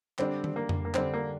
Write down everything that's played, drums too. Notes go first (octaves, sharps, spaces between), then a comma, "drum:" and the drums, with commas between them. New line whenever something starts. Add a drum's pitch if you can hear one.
D3 G3 C4 D4, drum: clap
drum: tom D#3
A#3
drum: tom F2
A#3
D3 G3 C4 D4, drum: clap
A#3